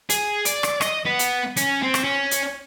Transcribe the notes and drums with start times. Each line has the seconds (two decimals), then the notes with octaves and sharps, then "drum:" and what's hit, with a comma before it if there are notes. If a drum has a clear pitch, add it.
0.10 G#4, drum: hi-hat
0.45 D5, drum: hi-hat
0.63 drum: rim click
0.81 D#5, drum: rim click
1.05 B3
1.19 drum: hi-hat
1.57 C#4, drum: hi-hat
1.83 C4
1.94 drum: rim click
2.04 C#4
2.31 drum: hi-hat